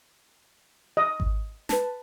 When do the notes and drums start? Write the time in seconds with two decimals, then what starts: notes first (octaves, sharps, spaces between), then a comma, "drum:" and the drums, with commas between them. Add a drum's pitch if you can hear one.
0.97 D#5
1.20 drum: kick G#1
1.69 B4 A5, drum: snare